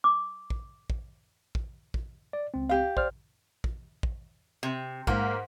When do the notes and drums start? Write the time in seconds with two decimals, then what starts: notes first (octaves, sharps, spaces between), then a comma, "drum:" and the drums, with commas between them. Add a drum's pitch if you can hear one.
0.04 D6
0.50 drum: kick
0.90 drum: kick
1.55 drum: kick
1.94 drum: kick
2.33 D5
2.54 C#2 C4
2.69 G4 F5
2.97 C5 D5 F6, drum: kick
3.64 drum: kick
4.03 drum: kick
4.63 C3
5.07 G#2 A#3, drum: kick